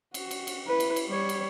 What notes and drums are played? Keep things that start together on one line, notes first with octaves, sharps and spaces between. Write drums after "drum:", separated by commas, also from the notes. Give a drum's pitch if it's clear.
F#4, drum: cymbal
drum: cymbal
drum: cymbal
E4 B4
drum: cymbal
drum: cymbal
G3 C#5
drum: cymbal